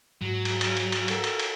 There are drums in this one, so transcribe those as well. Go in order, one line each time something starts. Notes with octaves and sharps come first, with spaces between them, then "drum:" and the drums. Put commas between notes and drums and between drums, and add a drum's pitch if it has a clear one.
G#2 F#3
drum: cymbal
drum: cymbal
drum: cymbal
drum: cymbal
F#4 A4 A#4, drum: cymbal
drum: cymbal
drum: cymbal